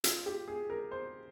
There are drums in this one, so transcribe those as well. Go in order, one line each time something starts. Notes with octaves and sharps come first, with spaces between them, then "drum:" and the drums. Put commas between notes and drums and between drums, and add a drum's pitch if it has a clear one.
F4, drum: hi-hat
G4
G#4
A#4
C5